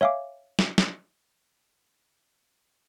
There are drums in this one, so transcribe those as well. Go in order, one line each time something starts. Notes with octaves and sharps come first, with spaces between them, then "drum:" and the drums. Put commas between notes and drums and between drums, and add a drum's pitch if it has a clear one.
C#5 E5 F5 G#5 D6
drum: snare
drum: snare